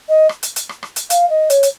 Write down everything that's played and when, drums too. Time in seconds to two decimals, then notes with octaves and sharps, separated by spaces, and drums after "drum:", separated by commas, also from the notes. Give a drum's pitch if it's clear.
0.09 D#5
0.29 drum: rim click
0.43 drum: hi-hat
0.56 drum: hi-hat
0.69 drum: rim click
0.83 drum: rim click
0.96 drum: hi-hat
1.10 F5, drum: hi-hat
1.30 D#5
1.50 C#5, drum: hi-hat
1.63 drum: hi-hat